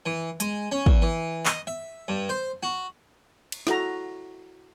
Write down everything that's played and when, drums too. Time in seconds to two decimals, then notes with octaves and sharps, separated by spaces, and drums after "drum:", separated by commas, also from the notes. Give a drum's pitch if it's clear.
0.06 E3
0.40 G#3, drum: hi-hat
0.72 C#4
0.86 E2, drum: kick
1.02 E3
1.45 D#5, drum: clap
1.67 E5
2.08 G2
2.29 C5
2.63 F#4
3.52 drum: cymbal
3.67 E4 F#4 A4 A#5, drum: snare